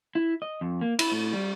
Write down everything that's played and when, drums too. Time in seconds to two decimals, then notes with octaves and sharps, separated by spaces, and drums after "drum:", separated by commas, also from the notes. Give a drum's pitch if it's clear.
0.15 E4
0.42 D#5
0.61 F2
0.81 A#3
0.99 E4, drum: cymbal
1.12 A2
1.33 G3